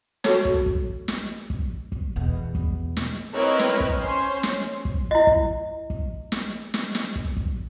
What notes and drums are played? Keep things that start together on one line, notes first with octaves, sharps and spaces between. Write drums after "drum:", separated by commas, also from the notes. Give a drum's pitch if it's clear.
F#4 A4 C#5, drum: snare
drum: kick
drum: kick
drum: snare
drum: kick
drum: kick
E2 B2
drum: kick
drum: snare
C4 E4 A#4 B4 C#5 D#5
drum: snare
drum: kick
C#4 C5 C#5 C6
drum: snare
drum: kick
E4 D#5
drum: kick
drum: kick
drum: snare
drum: snare
drum: snare
drum: kick
drum: kick